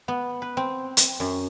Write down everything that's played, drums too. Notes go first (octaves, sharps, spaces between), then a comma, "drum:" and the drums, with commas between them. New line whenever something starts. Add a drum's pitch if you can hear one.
B3
B4
C4
drum: hi-hat
F#2